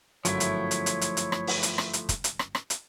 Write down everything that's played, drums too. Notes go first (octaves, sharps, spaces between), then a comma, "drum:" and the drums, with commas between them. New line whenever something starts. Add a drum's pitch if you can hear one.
G1 F#2 F3 F#3 A3 E4 C#5, drum: hi-hat
drum: hi-hat
drum: hi-hat
drum: hi-hat
drum: hi-hat
drum: hi-hat
drum: rim click
drum: open hi-hat
drum: hi-hat
drum: rim click
drum: hi-hat
drum: kick, hi-hat
drum: hi-hat
drum: rim click
drum: rim click
drum: hi-hat